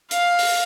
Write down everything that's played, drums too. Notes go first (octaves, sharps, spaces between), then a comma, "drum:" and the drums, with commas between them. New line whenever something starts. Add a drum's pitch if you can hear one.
F5, drum: hi-hat
drum: open hi-hat